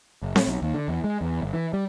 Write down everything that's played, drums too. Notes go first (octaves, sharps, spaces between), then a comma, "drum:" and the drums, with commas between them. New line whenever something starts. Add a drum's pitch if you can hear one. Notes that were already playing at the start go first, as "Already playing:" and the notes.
F#1
A2, drum: snare C4
B1
D#2
D3
E2
G#3
E2
G1
E3
G3